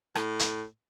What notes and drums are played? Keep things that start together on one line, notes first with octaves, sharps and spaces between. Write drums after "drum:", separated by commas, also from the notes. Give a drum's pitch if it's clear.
A2, drum: rim click
drum: hi-hat